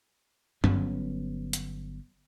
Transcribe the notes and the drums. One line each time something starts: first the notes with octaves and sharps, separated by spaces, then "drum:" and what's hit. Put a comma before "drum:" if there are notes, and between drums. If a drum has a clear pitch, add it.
G1 F#3 B3 C#4, drum: tom G2
drum: hi-hat